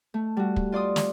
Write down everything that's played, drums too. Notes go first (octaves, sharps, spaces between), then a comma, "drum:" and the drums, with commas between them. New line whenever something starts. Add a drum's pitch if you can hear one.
A3
G3 F#4
drum: kick
F4 D5 C6 D#6
drum: snare